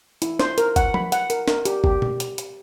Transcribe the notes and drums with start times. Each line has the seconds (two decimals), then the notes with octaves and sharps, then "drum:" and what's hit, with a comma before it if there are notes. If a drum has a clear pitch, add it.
0.22 E4, drum: hi-hat
0.40 C5, drum: snare
0.58 A#4, drum: hi-hat
0.76 F#5, drum: kick G1, hi-hat
0.94 B5, drum: tom F3
1.12 F#5, drum: hi-hat
1.30 A#4, drum: hi-hat
1.48 A#4, drum: snare
1.65 G4, drum: hi-hat
1.84 G4, drum: kick G1
2.02 drum: tom B2
2.20 drum: hi-hat
2.38 drum: hi-hat